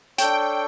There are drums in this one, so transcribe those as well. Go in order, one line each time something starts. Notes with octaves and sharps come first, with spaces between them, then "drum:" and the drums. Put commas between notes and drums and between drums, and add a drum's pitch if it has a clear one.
D4 A4 C#5 G5, drum: hi-hat